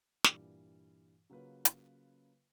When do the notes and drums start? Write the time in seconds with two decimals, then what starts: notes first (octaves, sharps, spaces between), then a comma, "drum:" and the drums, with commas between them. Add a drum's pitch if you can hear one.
0.24 G2 A#2 E3 G3, drum: snare
1.30 C#3 F#3 A#3 F4 B4
1.65 drum: hi-hat